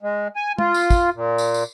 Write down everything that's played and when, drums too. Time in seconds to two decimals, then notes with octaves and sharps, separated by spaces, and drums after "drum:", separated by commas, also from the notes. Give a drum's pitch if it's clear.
0.02 G#3
0.36 G#5
0.58 F4, drum: tom G#3
0.74 drum: tambourine
0.90 drum: kick, tambourine
1.15 A#2
1.38 drum: tambourine
1.54 drum: tambourine